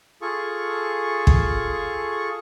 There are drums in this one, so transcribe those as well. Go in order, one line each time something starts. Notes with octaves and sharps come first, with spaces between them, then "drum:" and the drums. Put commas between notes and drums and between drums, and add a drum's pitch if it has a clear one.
F4 G#4 A4 C#6
drum: kick